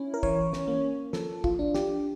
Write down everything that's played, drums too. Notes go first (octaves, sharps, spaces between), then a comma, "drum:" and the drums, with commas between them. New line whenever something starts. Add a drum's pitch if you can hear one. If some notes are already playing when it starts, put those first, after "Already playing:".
Already playing: C#4 E4
A#4
E3 C#5, drum: kick
drum: snare
A#3
F3 A4, drum: snare
F4, drum: kick
D4
G4, drum: snare